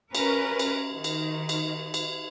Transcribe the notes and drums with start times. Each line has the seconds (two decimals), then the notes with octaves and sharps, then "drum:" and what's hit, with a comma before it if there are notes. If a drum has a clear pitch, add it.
0.15 C#4 A#4 B4, drum: cymbal
0.59 drum: cymbal
0.94 D#3
1.04 drum: cymbal
1.49 drum: cymbal
1.94 drum: cymbal